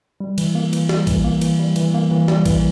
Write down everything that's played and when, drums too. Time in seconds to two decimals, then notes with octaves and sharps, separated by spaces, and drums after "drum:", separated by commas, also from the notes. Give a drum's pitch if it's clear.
0.20 G3
0.38 E3, drum: cymbal
0.55 A#3
0.73 E3, drum: cymbal
0.89 G3, drum: snare
1.07 E3, drum: kick A#1, cymbal
1.24 A#3
1.41 E3, drum: cymbal
1.59 G3
1.76 E3, drum: cymbal
1.94 A#3
2.11 E3
2.28 G3, drum: snare
2.46 E3, drum: kick A#1, cymbal